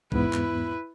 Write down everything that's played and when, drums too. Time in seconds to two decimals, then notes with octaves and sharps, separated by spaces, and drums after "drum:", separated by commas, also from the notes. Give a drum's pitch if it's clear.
0.12 E2 G#2 B3 E4 B4, drum: kick A#1
0.33 drum: clap